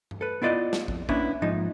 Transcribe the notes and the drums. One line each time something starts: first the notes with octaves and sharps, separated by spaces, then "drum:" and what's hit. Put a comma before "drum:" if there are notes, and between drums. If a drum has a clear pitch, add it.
drum: tom G2
A4 B4
B3 E4 F4 D5 D#5
drum: snare
F2, drum: kick
A#3 B3 C#4 D4 E4, drum: kick
G#2 F3 D#4